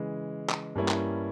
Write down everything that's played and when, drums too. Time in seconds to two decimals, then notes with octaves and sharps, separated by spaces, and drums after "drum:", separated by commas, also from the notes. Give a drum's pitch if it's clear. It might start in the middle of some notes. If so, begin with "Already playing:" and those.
Already playing: C#3 E3 G#3
0.49 drum: clap
0.75 G2 G3 A#3 C#4 E4
0.88 drum: clap